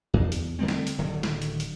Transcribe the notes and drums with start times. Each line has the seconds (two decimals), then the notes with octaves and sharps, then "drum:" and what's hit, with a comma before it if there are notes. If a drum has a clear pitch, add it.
0.14 E2
0.32 drum: hi-hat
0.59 D3 G3 A3 C4
0.68 drum: snare
0.87 drum: hi-hat
0.98 D1 D3 D#3 F#3
1.23 drum: snare
1.42 drum: hi-hat
1.60 drum: hi-hat